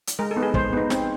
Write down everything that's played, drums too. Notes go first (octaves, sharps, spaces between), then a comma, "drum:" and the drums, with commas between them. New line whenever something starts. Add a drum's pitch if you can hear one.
drum: hi-hat
G#3 A#4
A4
B3 D#4
G#4
G#3 C5, drum: kick
B3 D#4
C4, drum: snare